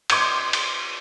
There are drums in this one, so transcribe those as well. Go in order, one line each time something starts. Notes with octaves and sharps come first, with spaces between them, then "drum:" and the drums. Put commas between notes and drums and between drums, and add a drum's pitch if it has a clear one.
C6 D6 D#6 G6 G#6 C#7, drum: cymbal
drum: cymbal